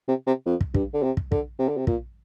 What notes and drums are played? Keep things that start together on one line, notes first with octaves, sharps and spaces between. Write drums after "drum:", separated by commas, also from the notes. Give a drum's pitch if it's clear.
C3
C3
F2
drum: kick
G2, drum: kick
D3
C3
drum: kick
D3, drum: kick
C3
D3
C3
A#2, drum: kick